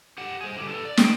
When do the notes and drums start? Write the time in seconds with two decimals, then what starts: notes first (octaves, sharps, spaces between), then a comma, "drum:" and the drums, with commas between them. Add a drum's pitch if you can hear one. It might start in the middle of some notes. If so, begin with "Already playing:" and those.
0.18 G4 F#5
0.41 G#4 C5
0.57 D3 G3
0.68 A4 B4
0.85 D5
0.97 D#4 G5, drum: snare